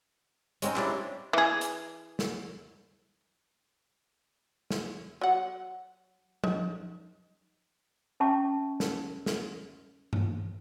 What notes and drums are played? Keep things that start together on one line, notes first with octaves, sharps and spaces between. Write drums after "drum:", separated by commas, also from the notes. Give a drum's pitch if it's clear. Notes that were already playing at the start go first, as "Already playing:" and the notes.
G#3 C4 C#4 D#4, drum: hi-hat
D4 E4 G4, drum: clap
E3 G#4
drum: hi-hat
drum: snare
drum: snare
F#3 F#5
D#4, drum: tom F3
C#4 E5 A5 C#6
drum: snare
drum: snare
drum: tom G2